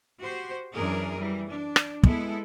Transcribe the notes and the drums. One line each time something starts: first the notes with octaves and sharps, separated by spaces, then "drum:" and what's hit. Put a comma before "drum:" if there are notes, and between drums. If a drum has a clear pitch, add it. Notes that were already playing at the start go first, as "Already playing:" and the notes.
F#4 G4 C5
F#2 E3 D4 G#4 A#4
E3 G3
D4
drum: rim click
G#3 B3 E4 A4, drum: kick